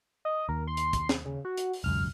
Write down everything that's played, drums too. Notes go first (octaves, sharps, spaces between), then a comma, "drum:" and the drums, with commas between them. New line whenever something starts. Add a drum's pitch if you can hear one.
D#5
D#2 A#4
C6
drum: hi-hat
drum: kick, hi-hat
drum: snare
C#3
F#4
drum: hi-hat
drum: open hi-hat
E1 C#2 F#2 F6